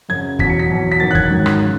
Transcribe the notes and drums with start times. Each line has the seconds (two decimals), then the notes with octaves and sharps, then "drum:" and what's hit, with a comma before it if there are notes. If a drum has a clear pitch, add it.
0.09 F#2 C#3 F#3 G#6
0.39 E2 B2 F#3 B6, drum: kick
0.50 C#7
0.59 B6
0.70 E2 B2 F#3
0.92 B6
1.00 E2 D#3 F#3 A6
1.11 F#6
1.15 G#6, drum: kick
1.30 G#2 D#3 F#3
1.46 drum: rim click
1.63 C#3